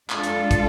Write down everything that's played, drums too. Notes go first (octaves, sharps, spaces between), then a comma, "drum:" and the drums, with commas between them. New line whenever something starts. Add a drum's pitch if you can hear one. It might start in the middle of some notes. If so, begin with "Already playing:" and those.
G#3 D4 F4 A4, drum: clap
drum: hi-hat
drum: kick, hi-hat